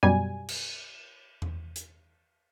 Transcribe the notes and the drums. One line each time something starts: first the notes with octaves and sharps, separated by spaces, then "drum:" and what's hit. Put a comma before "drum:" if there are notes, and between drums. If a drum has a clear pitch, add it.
F#2 B2 G3 G#5
drum: cymbal
drum: tom E2
drum: hi-hat